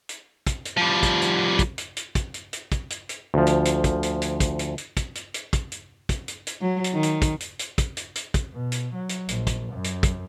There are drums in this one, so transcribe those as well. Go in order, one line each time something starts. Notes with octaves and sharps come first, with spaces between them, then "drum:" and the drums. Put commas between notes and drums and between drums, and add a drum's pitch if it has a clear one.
drum: hi-hat
drum: kick, hi-hat
drum: hi-hat
F3 G3
drum: kick, hi-hat
drum: hi-hat
drum: kick, hi-hat
drum: hi-hat
drum: hi-hat
drum: kick, hi-hat
drum: hi-hat
drum: hi-hat
drum: kick, hi-hat
drum: hi-hat
drum: hi-hat
D2 F3
drum: hi-hat
drum: hi-hat
drum: kick, hi-hat
drum: hi-hat
drum: hi-hat
drum: kick, hi-hat
drum: hi-hat
drum: hi-hat
drum: kick, hi-hat
drum: hi-hat
drum: hi-hat
drum: kick, hi-hat
drum: hi-hat
drum: kick, hi-hat
drum: hi-hat
drum: hi-hat
F#3
drum: hi-hat
D#3
drum: hi-hat
drum: kick, hi-hat
drum: hi-hat
drum: hi-hat
drum: kick, hi-hat
drum: hi-hat
drum: hi-hat
drum: kick, hi-hat
B2
drum: hi-hat
F#3
drum: hi-hat
A#1, drum: hi-hat
drum: kick, hi-hat
F#2
drum: hi-hat
drum: kick, hi-hat